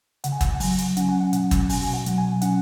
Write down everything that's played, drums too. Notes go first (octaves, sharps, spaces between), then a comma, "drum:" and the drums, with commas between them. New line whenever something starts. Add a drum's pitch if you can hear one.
C#3 F#5, drum: hi-hat
G#5
F#5, drum: kick, hi-hat
F#3 G#5, drum: open hi-hat
drum: hi-hat
C#4 F#5, drum: hi-hat
G#5
F#5
B2 F#5, drum: hi-hat
drum: kick, hi-hat
B2 G#5, drum: open hi-hat
G#5
F#5
F#3, drum: hi-hat
G#5
C#4 F#5, drum: hi-hat